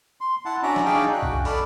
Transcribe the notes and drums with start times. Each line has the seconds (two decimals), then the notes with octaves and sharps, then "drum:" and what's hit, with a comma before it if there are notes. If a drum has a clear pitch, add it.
0.21 C6
0.45 E4 F#5 A5
0.63 C#4 D4 F#4 D5 E5 A#5
0.76 drum: snare F#3
0.85 D4 D#4 G#4 D5 F5 G5
1.14 F#4 F#6
1.23 drum: kick B1
1.45 A4 D5 A5 B5 F6, drum: open hi-hat